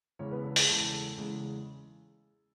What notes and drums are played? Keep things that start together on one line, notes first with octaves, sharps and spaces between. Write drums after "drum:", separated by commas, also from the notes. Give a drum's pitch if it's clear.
E2 C#3 G#3 C#4 C#5
B3 B4
A4
G#4 G#5, drum: open hi-hat
E2 C#3 G#3 A4 A5
E2 C#3 G#3